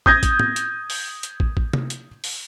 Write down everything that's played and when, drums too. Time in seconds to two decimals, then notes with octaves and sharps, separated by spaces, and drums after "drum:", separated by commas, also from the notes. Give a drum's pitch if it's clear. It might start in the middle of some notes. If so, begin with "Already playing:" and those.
0.06 D#6 G6 G#6 A#6, drum: kick
0.23 drum: kick, hi-hat
0.39 drum: tom
0.56 drum: hi-hat
0.90 drum: open hi-hat
1.23 drum: hi-hat
1.40 drum: kick
1.57 drum: kick
1.73 drum: tom C3
1.90 drum: hi-hat
2.24 drum: open hi-hat